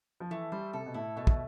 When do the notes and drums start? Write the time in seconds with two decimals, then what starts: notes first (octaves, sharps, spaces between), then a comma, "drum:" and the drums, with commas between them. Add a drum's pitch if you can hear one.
0.20 F3
0.31 E3 A3
0.52 G3 C5
0.73 C3 A4
0.86 B2
0.94 A2 E4
1.16 B2 A3
1.27 drum: kick